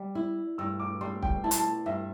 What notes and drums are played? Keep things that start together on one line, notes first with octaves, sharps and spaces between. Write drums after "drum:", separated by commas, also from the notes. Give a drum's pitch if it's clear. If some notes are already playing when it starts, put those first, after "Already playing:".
Already playing: G3
E4
G2 E6
D6
G3 C6
G5, drum: kick
E4 A5
C6, drum: hi-hat
A5
G2 E5